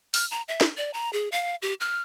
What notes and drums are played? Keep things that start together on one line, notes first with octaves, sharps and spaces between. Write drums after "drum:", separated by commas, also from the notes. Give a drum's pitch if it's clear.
F6, drum: open hi-hat
A#5
E5
drum: snare
D5
A#5
G#4
F5
G4
F6